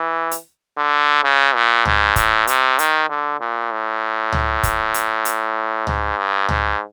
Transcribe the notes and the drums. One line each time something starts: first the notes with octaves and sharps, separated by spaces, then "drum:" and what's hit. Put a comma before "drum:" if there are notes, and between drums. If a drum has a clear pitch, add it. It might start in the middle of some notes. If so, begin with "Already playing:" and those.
Already playing: E3
drum: hi-hat
D3
C#3
A#2
G#2, drum: tom C#2
A2, drum: kick, hi-hat
C3, drum: hi-hat
D#3, drum: hi-hat
D3
A#2
A2
drum: tom C#2
drum: kick, hi-hat
drum: hi-hat
drum: hi-hat
G#2, drum: tom C#2
G2
G#2, drum: tom C#2